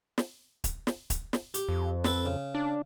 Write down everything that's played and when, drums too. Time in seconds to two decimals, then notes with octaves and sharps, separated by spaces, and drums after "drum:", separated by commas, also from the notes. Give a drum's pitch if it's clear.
0.18 drum: snare
0.64 drum: kick, hi-hat
0.87 drum: snare
1.10 drum: kick, hi-hat
1.33 drum: snare
1.54 G4, drum: hi-hat
1.69 F2
2.04 C4 A4 B4, drum: snare
2.25 C#3
2.55 D4